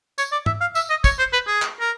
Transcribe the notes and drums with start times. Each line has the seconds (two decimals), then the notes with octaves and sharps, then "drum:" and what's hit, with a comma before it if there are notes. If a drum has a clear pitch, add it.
0.18 C#5, drum: tambourine
0.32 D5
0.46 E5, drum: tom G#2
0.61 F5
0.75 E5, drum: tambourine
0.90 D#5
1.04 C#5, drum: kick, tambourine
1.19 C5
1.33 B4
1.48 G#4
1.62 drum: clap
1.80 A#4